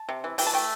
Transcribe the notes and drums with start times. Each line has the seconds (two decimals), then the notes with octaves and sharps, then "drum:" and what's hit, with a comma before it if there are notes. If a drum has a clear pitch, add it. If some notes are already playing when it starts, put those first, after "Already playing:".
Already playing: A5
0.09 C3
0.24 E3
0.38 E3 G5, drum: open hi-hat
0.47 A5
0.53 A3 G5